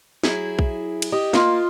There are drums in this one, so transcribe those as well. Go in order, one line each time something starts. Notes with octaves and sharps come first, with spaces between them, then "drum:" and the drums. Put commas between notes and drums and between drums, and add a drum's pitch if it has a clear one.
F#3 E4 G#4, drum: snare
drum: kick B1
drum: cymbal
G4 D#5
A#3 F4 F5, drum: snare